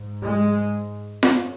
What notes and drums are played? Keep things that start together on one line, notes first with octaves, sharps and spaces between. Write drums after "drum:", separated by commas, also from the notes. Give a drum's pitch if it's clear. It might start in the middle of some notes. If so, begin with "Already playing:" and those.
Already playing: G#2
G#3
F#2 C#3, drum: snare F4